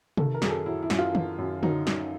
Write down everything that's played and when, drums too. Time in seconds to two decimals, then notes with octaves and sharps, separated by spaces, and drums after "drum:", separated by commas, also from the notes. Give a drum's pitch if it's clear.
0.17 D#3 A4, drum: tom C3
0.35 A#4
0.42 F#2 G#4, drum: snare
0.50 A4
0.66 F#3 E4
0.83 E4
0.90 F#2, drum: snare
0.99 F4
1.15 D#3, drum: tom D#3
1.38 F#2
1.63 F#3 D#4, drum: tom D3
1.87 F#2, drum: snare